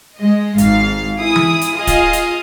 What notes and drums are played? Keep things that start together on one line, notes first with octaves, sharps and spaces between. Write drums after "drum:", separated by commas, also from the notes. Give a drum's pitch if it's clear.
G#3 D#5
G#1 G#2 F5, drum: hi-hat
E4 G#4 D#6
drum: tom E3
drum: hi-hat
F4 G#4 D#5 F5 D#6
drum: kick, hi-hat
drum: hi-hat